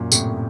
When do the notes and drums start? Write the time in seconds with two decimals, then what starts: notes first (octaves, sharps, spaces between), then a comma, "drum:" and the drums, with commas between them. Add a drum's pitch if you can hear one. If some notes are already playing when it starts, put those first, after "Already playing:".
Already playing: F#2 A#2
0.12 A2 C3, drum: tambourine